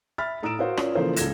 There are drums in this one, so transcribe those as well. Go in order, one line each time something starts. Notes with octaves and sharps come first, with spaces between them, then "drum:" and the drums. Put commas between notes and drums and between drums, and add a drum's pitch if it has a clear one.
E5 B5 F6 A6
A2 A#5 D#6 E6 D7 E7
F#4 A#4 C5 F5 F#5
C#4 F4 A#4 C#5 D5, drum: rim click
C#3 E3 F3 A#3 A4 C5
C#2 F4 A4 G#6 A#6 E7, drum: hi-hat